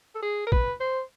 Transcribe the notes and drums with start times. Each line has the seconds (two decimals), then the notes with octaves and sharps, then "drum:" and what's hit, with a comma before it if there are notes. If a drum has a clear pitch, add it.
0.15 A4
0.22 G#4
0.47 A#4
0.52 B4, drum: kick
0.80 C5